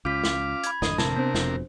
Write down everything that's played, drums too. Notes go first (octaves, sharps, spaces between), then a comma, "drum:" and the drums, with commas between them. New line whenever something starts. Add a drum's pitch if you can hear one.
C#2 C#4 F4 F5 D6 B6
drum: snare
B5 G#6, drum: hi-hat
G#1 F2 D3 D#5, drum: snare
C3 A#4 A5, drum: snare
B3 C4 D4 C5
F1 F2 B2, drum: snare